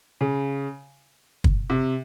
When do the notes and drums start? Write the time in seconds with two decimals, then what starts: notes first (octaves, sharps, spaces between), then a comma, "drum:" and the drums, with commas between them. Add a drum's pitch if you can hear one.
0.21 C#3
1.44 drum: kick
1.70 C3